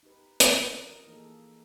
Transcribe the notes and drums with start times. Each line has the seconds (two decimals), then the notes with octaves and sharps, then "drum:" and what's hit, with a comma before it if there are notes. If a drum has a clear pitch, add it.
0.03 D#4 G4 B4
0.40 F3 F4, drum: hi-hat
0.79 A#4 D#5
1.07 E3 A#3 D#4 G#4 A4